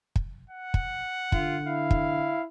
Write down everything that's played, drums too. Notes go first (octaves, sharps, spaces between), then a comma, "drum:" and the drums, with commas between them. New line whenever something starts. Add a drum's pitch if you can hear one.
drum: kick
F#5
drum: kick
D3 F4, drum: kick
E4 F5
drum: kick